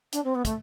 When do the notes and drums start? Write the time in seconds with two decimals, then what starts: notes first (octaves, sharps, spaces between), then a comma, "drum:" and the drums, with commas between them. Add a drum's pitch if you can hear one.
0.12 D4, drum: hi-hat
0.24 C4
0.35 B3
0.45 A3, drum: kick, hi-hat